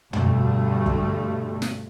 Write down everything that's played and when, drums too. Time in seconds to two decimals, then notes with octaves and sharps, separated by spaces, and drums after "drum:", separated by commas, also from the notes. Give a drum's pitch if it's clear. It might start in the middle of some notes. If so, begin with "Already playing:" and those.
0.13 D2 G2 B2 D3 G3 A3, drum: tom
0.86 drum: kick
1.62 drum: snare